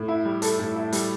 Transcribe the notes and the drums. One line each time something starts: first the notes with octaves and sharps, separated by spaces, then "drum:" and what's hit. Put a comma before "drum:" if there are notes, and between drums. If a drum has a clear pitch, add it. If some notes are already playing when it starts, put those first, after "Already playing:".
Already playing: A2
E4
G3
A4, drum: hi-hat
A2
E4
G3, drum: hi-hat